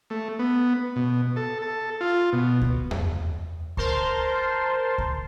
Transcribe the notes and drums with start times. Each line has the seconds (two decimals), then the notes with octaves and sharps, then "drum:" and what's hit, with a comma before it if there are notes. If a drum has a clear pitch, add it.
0.10 A3
0.39 B3
0.96 B2
1.36 A4
1.62 A4
2.01 F4
2.33 B2
2.61 drum: kick C#2
2.91 drum: tom E2
3.77 A#4 C5 A5 C6, drum: kick C#2
4.98 drum: kick C#2